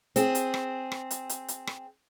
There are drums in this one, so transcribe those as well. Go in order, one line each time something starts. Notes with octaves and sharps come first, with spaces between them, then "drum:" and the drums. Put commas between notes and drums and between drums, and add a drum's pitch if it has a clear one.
C4 G#4, drum: hi-hat
drum: hi-hat
drum: rim click
drum: rim click
drum: hi-hat
drum: hi-hat
drum: hi-hat
drum: rim click